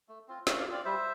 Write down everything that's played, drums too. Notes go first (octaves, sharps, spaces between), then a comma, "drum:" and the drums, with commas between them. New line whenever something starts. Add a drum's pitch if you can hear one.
A3
C4 F4
A3 D5 F5, drum: snare
D5 F5
C4 F4
D5 F5
G3 C5 E5